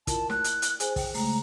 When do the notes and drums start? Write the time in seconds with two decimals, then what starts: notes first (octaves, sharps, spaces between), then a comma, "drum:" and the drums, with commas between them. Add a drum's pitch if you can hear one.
0.07 E4 F4 A#4 A5, drum: kick, hi-hat
0.30 F#6, drum: snare
0.44 drum: hi-hat
0.62 drum: hi-hat
0.80 G#4 C5 G#5, drum: hi-hat
0.96 G5, drum: kick, open hi-hat
1.14 C#3 G#3 A3 A#5, drum: open hi-hat